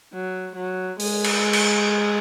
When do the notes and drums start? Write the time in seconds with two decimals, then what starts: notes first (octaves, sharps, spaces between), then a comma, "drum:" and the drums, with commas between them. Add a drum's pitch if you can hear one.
0.13 F#3
0.56 F#3
1.00 G#3, drum: open hi-hat
1.24 drum: cymbal
1.53 drum: cymbal